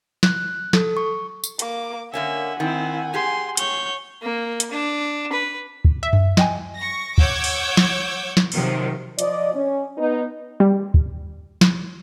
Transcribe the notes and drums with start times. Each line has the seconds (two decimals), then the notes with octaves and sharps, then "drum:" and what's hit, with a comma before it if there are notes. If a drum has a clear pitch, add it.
0.23 F#6, drum: snare
0.73 A4, drum: snare
0.97 C#6
1.44 drum: tambourine
1.59 A#3 D6, drum: hi-hat
2.13 D3 A#3 C#4 E5 F#5 G#5
2.60 D#3 C4 E4
3.14 G4 G#4 C6
3.57 C#5 G6, drum: hi-hat
4.22 A#3
4.60 drum: hi-hat
4.71 D4
5.32 B4
5.85 drum: kick
6.03 E5
6.13 drum: tom F#2
6.37 D#5 G5 G#5, drum: snare
6.76 C#6 A#6
7.18 C#5 F#5 D6 E6 G6 G#6, drum: kick
7.44 drum: open hi-hat
7.77 drum: snare
8.37 drum: snare
8.52 C3 D#3 F3 F#3, drum: open hi-hat
9.19 F3 D5 D#5, drum: hi-hat
9.54 C#4
9.97 B3 D#4
10.60 G3
10.94 drum: kick
11.61 drum: snare